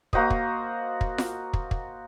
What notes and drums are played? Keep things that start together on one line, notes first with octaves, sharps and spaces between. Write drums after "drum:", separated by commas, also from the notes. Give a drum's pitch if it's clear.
A#3 F#4 C5 D#5, drum: kick
drum: kick
drum: kick
drum: snare F4
drum: kick
drum: kick